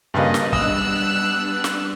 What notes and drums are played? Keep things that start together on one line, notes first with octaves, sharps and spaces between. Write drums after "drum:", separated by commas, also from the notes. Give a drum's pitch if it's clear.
G2 C#3 A#3 B4 D#5
drum: snare
G3 B3 D4 D#5 E6 F#6, drum: kick
drum: snare